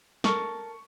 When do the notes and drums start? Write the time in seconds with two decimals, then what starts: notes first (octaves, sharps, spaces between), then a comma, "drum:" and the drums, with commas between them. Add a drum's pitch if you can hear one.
0.24 A4 A#4 C#6, drum: snare